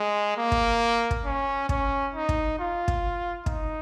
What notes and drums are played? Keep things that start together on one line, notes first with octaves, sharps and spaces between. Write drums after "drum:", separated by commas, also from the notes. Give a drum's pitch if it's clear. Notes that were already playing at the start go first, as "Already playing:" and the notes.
Already playing: G#3
A#3
drum: kick
drum: kick
C#4
C#4, drum: kick
D#4
drum: kick
F4
drum: kick
D#4, drum: kick